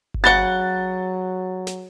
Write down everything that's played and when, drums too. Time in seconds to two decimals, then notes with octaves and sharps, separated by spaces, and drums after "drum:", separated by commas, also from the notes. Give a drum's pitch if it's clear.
0.14 drum: kick G1
0.24 C#3 F#3 F#4 F#5 A6 G7
1.67 drum: snare